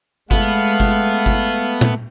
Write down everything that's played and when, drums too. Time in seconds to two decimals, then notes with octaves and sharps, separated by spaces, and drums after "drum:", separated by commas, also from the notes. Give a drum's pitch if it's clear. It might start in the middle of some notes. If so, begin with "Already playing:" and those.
0.31 G#3 A3 B3 F5, drum: kick G1
0.80 drum: kick G1
1.26 drum: kick G1
1.81 drum: tom A#2